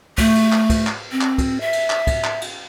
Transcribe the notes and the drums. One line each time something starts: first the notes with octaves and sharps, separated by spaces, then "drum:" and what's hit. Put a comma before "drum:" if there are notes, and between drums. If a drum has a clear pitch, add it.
A3, drum: kick, cymbal
drum: cymbal
drum: clap
drum: kick, cymbal
drum: clap
C4
drum: clap
drum: kick, cymbal
E5
drum: cymbal
drum: clap
drum: kick, cymbal
drum: clap
drum: cymbal